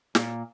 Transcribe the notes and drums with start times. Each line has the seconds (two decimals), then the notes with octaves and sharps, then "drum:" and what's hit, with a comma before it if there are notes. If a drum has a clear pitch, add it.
0.15 A#2, drum: snare